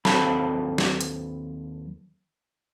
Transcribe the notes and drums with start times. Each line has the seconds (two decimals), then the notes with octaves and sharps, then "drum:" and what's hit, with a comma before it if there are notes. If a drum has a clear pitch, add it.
0.05 D#2 F#3 C4 A4 A5 B5, drum: snare
0.78 drum: snare
1.01 drum: hi-hat